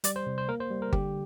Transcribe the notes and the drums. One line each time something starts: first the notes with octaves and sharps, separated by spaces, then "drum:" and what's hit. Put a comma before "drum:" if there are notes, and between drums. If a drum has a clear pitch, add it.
G3 D5, drum: hi-hat
C5
C3
C5
A#3 A#4
C5
G3
A#4
D3 G4, drum: kick G1